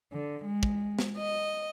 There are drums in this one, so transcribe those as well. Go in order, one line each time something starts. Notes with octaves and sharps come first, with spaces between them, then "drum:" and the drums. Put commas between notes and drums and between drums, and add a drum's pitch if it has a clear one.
D3
G#3
drum: kick
drum: snare
D#5